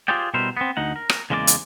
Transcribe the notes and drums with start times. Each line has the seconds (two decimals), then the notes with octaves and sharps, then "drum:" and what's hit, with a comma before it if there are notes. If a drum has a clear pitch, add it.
0.08 F4 G4 G#4 C5 D5 G5
0.34 B2 G3 E4 A#4 C5
0.57 B3 C4
0.77 D2 D#4 F#5
0.96 A#4
1.09 drum: rim click
1.30 E2 C#3 G#3 A#3 A4 D5
1.47 drum: hi-hat